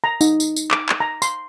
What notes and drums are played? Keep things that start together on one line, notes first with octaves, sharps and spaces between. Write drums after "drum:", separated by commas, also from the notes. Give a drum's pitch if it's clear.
A#5
D#4, drum: tambourine
drum: tambourine
drum: tambourine
D6, drum: clap
drum: clap
A#5
C6, drum: tambourine